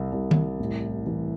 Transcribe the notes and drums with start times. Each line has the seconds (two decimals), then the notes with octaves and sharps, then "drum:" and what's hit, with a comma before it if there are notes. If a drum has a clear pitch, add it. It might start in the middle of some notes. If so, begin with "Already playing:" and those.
Already playing: C2
0.12 C2
0.31 drum: tom D#3
0.59 A1
1.06 E3